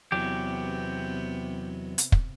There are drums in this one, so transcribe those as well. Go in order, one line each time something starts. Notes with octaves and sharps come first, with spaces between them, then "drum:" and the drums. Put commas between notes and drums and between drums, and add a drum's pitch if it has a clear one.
E2 C3 F#3 B3 G4
drum: hi-hat
drum: kick